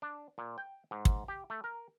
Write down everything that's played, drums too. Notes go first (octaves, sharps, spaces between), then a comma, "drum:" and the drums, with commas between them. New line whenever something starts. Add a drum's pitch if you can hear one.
D4
A#2
G5
G#2
drum: kick
G4
A3
A#4